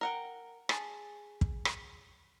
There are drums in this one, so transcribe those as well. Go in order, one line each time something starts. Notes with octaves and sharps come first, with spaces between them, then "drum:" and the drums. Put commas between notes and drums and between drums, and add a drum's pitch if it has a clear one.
A#4 F#5 G5
G#4 A5, drum: rim click
drum: kick
drum: rim click